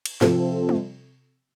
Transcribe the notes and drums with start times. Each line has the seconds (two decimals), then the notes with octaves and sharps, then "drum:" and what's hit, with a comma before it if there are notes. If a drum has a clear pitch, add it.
0.05 drum: cymbal
0.21 C3 F3 C4 F4 A4, drum: snare
0.69 drum: tom G3